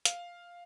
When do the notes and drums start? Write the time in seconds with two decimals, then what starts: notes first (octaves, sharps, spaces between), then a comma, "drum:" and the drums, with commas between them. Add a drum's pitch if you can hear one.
0.05 F5, drum: hi-hat